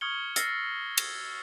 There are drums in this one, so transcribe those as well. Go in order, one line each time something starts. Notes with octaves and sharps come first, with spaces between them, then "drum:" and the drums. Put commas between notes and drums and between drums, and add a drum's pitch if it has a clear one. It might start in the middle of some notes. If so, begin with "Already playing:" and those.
C#6 D#6 F6 G#6 C#7 G7
E6 F6 A6 A#6 C7 C#7, drum: hi-hat
drum: cymbal